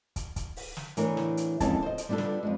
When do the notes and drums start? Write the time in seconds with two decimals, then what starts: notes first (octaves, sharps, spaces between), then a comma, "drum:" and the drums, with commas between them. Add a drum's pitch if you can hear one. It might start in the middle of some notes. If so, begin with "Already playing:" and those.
0.16 drum: kick, hi-hat
0.36 drum: kick, hi-hat
0.56 drum: open hi-hat
0.77 drum: snare
0.97 A2 E3 B3 D4 A#4, drum: hi-hat
1.17 drum: snare
1.37 drum: hi-hat
1.60 F2 E3 G#3 C#4 G#4 A5, drum: kick, hi-hat
1.83 C5 D#5
1.98 drum: hi-hat
2.09 G3 B3 D4 F4 A4
2.18 drum: snare
2.43 F2 G3 G#3